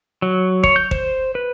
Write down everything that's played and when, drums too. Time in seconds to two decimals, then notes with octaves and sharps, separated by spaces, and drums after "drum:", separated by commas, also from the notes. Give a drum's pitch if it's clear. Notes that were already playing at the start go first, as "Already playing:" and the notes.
0.22 F#3
0.64 C#5, drum: kick
0.76 G6
0.91 C5, drum: kick
1.35 B4